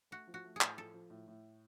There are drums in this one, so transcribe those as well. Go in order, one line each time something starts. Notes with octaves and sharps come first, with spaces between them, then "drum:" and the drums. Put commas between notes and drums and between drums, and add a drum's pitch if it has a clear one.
A3 F#4
F3
F#4
A3
G#4
A2, drum: clap
F3 A4
F3
A2
A2